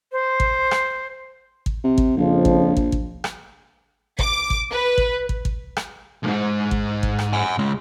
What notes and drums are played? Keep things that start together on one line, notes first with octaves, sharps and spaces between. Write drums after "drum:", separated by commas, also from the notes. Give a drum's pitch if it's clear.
C5
drum: kick
drum: rim click
drum: kick
C3
drum: kick
A#1 F2 C#3 F3
drum: kick
drum: kick
drum: kick
drum: rim click
D6, drum: kick
drum: kick
B4
drum: kick
drum: kick
drum: kick
drum: rim click
B1 G#2
drum: kick
drum: kick
drum: rim click
F#5 G#5
C#2 G#3